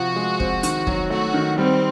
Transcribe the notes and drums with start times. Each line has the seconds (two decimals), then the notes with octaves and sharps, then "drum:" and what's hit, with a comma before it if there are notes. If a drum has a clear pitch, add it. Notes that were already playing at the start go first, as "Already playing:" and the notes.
Already playing: C3 F3 F#4
0.16 G#3
0.40 C4, drum: kick
0.63 D#3, drum: hi-hat
0.87 F#3, drum: kick
1.10 A3 F#4
1.34 D#3
1.58 G3 C4